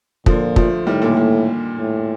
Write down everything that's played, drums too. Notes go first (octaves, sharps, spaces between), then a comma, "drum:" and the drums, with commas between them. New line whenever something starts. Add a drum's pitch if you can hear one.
A#2 D3 F3, drum: kick
F3 A3, drum: kick
A2 D#3 G3
A#2 D3
A#2
A2